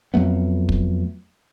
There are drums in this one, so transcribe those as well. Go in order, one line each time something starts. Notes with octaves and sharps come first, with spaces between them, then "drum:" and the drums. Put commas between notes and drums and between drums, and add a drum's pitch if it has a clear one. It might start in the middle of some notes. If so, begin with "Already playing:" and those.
F2 F#3 A3 B3
drum: kick